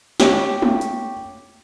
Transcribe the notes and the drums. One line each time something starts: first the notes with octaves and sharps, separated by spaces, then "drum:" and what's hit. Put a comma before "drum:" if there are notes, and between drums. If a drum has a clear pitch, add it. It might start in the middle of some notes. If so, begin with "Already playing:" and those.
G4 C#5 G5, drum: snare
drum: tom G#3
drum: hi-hat